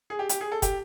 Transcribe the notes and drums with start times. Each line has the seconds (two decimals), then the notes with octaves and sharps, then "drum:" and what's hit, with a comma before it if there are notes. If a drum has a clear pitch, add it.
0.10 G#4
0.19 G4
0.29 G4, drum: hi-hat
0.41 G#4
0.52 A4
0.62 G4, drum: kick, hi-hat